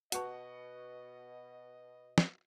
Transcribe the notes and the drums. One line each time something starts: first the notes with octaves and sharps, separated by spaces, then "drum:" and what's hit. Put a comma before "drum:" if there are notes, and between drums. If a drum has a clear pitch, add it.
B2 F#4 B4 D#5 F#5 A5 C#6, drum: hi-hat
drum: snare